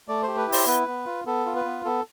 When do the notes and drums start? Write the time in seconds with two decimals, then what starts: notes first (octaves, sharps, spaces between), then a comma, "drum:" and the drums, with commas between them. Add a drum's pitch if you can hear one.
0.08 A3 D5
0.23 G4 C5
0.37 B4
0.47 E4
0.52 C5, drum: open hi-hat
0.67 B3 B4
0.87 B3
1.06 F4
1.26 B3 A4
1.46 F4
1.56 B4
1.65 B3
1.85 B3 A4